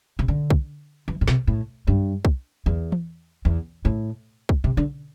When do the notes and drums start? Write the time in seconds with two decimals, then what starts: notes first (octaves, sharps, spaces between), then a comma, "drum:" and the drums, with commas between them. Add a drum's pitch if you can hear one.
0.19 C3
0.28 D3
0.50 drum: kick
1.08 E3
1.21 A2
1.28 C3, drum: snare
1.47 A2
1.87 G2
2.25 drum: kick
2.66 E2
2.92 drum: tom E3
3.45 E2
3.85 A2
4.49 drum: kick
4.64 C3
4.77 D3